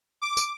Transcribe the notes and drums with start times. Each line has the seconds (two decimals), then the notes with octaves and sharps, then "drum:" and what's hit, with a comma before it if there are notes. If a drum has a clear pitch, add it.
0.22 D6
0.37 drum: tambourine